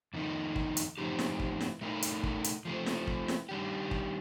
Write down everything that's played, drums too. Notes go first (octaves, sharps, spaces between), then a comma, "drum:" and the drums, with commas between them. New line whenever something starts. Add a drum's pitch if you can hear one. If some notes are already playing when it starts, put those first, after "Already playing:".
F2 D#3 A3 D#4
drum: kick
drum: hi-hat
A2 F3 C4 D#4 G4
drum: snare
drum: kick
drum: snare
A2 A3 D#4 A#4
drum: hi-hat
drum: kick
drum: hi-hat
F3 A3 C4
drum: snare
drum: kick
drum: snare
D#3 G3 D4 G4
drum: kick